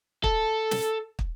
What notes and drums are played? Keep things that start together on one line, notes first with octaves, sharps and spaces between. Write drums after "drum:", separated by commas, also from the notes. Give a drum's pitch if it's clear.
A4, drum: kick
drum: snare
drum: kick